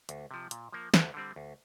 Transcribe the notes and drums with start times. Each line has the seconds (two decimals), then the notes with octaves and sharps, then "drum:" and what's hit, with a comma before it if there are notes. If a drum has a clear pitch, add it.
0.09 D2, drum: hi-hat
0.31 C3 F3
0.51 A#2, drum: hi-hat
0.72 F3 A#3
0.94 D2, drum: snare
1.14 D3 G3 C4
1.36 D2